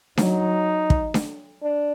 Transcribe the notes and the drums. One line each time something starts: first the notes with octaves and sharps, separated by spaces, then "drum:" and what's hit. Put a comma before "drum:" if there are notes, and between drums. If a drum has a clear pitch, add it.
F#3 D#4, drum: snare D4
drum: kick
drum: snare D4
D4